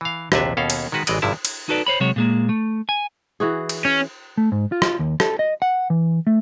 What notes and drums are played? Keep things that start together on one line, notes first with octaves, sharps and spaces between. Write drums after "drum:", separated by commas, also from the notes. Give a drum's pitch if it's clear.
E3 F5
A#1 D#2 C3 D4 B4 E5, drum: rim click
D#2 B2 C#4 A4 F5
drum: cymbal
D#3 G#3 F#4 B4
A1 E3 G#3 D5 D#5, drum: cymbal
G#1 G2 C3 F3 E4 A5
drum: cymbal
D#4 F#4 A4 B4 D5
C5 C#5 B5
C3 F#3 G#3 F#4 C#5
A#2 G#3 A#3
A3
G#5
E3 F#4 G#4
drum: cymbal
C#4
A3
G#2
F4
drum: rim click
D#2
A4, drum: rim click
D#5
F#5
E3
A3